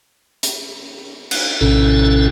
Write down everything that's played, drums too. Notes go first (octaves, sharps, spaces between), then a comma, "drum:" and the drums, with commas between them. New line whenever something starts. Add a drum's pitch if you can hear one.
drum: hi-hat
drum: cymbal
A#1 A2 C3 C#4 E4 A4